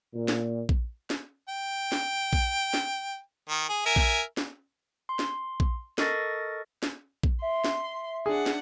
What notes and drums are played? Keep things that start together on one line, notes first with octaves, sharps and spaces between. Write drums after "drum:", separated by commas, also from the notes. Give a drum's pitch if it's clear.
A#2
drum: snare
drum: kick A#1
drum: snare
G5
drum: snare
drum: kick A#1
drum: snare
D#3
G#4
A#4 E5 G#5
drum: kick A#1
drum: snare
C6
drum: snare
drum: kick A#1
A4 A#4 D#5 C#6 A6 A#6, drum: snare
drum: snare
drum: kick A#1
E5 C6
drum: snare
D4 G#4 F#5
drum: snare